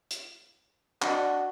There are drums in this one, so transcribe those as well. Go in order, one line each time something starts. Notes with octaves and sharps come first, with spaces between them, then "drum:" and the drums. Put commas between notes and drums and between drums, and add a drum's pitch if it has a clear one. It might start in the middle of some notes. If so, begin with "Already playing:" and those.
drum: hi-hat
D4 F#4 D#5 F#5, drum: clap